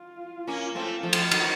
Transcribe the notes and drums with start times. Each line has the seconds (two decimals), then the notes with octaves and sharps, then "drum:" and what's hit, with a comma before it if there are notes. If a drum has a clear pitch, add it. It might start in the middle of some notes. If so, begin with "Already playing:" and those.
Already playing: F4
0.47 A#3 C#4
0.75 A3 C4
1.03 F3 A3
1.13 drum: cymbal
1.31 D#3 F#3, drum: cymbal